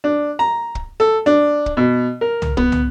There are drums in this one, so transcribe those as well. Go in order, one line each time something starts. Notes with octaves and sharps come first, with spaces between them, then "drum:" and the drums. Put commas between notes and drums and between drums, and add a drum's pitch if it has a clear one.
D4
A#5
drum: kick
A4
D4
drum: kick
B2
A#4
drum: tom
B3, drum: kick
drum: tom